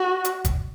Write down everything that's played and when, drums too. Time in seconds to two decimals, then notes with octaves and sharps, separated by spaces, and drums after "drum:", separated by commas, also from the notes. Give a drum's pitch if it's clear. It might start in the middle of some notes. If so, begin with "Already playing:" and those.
Already playing: F#4
0.24 drum: hi-hat
0.45 drum: kick, hi-hat